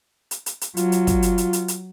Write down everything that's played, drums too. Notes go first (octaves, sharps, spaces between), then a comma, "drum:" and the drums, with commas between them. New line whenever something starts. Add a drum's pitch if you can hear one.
drum: hi-hat
drum: hi-hat
drum: hi-hat
F#3 F4, drum: hi-hat
drum: hi-hat
drum: kick, hi-hat
drum: hi-hat
drum: hi-hat
drum: hi-hat
drum: hi-hat